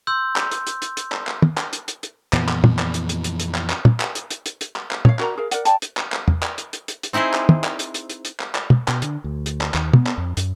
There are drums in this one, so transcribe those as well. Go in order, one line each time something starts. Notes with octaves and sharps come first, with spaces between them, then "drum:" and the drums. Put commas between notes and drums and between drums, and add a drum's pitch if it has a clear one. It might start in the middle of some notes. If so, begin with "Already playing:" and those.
C6 E6 G6
drum: clap
drum: hi-hat
drum: hi-hat
drum: hi-hat
drum: hi-hat
drum: clap
drum: clap
drum: tom
drum: clap
drum: hi-hat
drum: hi-hat
drum: hi-hat
F2 A#2 E3 B3, drum: clap
drum: clap
drum: tom
drum: clap
drum: hi-hat
drum: hi-hat
drum: hi-hat
drum: hi-hat
drum: clap
drum: clap
drum: tom
drum: clap
drum: hi-hat
drum: hi-hat
drum: hi-hat
drum: hi-hat
drum: clap
drum: clap
C#5 F5, drum: tom
F#4 A#4 D5 A#5, drum: clap
G#4 A#4 F5
A#4 D5 F#5, drum: hi-hat
D5 G5 A5, drum: hi-hat
drum: hi-hat
drum: clap
drum: clap
drum: tom
drum: clap
drum: hi-hat
drum: hi-hat
drum: hi-hat
drum: hi-hat
C4 D#4 E4 G#4 C5
drum: clap
drum: tom
drum: clap
drum: hi-hat
drum: hi-hat
drum: hi-hat
drum: hi-hat
drum: clap
drum: clap
drum: tom
B2, drum: clap
D3, drum: hi-hat
D2
drum: hi-hat
drum: clap
D#2, drum: clap
B3, drum: tom
drum: clap
F2
F#2, drum: hi-hat